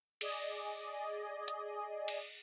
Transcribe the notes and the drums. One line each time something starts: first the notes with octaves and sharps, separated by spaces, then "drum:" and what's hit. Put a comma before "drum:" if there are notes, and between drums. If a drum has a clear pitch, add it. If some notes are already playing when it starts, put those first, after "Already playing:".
G#4 D5 D#5, drum: cymbal
drum: hi-hat
drum: cymbal